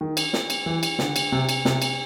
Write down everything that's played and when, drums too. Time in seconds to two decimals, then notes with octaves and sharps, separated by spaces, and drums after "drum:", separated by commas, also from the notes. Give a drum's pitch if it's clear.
0.01 D#3
0.17 drum: cymbal
0.33 drum: snare
0.50 drum: cymbal
0.66 E3
0.83 drum: cymbal
0.99 D3, drum: snare
1.16 drum: cymbal
1.32 C3
1.49 drum: cymbal
1.65 C3, drum: snare
1.82 drum: cymbal